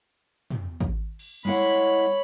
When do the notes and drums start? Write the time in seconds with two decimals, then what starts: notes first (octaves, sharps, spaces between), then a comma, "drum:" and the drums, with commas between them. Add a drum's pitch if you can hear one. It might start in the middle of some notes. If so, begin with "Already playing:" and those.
0.50 drum: tom
0.81 drum: kick
1.19 drum: cymbal
1.45 G#3 E4 C#5 F#5 B5